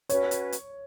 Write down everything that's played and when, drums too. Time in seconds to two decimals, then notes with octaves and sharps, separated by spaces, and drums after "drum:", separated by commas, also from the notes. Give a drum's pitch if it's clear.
0.09 C#4 F#4 B4 C#5, drum: hi-hat
0.31 drum: hi-hat
0.52 drum: hi-hat